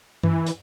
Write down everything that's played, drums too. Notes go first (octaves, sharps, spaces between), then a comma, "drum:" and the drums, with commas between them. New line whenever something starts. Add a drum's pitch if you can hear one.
E3, drum: tom G2
drum: hi-hat